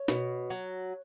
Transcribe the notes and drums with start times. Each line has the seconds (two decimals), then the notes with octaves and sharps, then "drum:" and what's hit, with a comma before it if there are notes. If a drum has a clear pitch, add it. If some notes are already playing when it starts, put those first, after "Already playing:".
Already playing: C#5
0.08 B2, drum: snare
0.50 F#3